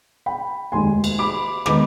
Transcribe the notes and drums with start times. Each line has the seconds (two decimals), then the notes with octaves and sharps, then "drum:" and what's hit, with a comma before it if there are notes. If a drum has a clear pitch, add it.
0.26 G5 B5
0.72 F1 D#2 D#3 G#3 G#5 C6
1.04 drum: cymbal
1.19 B5 D6
1.66 D#3 G#3 B3 D#4 B5 D6, drum: rim click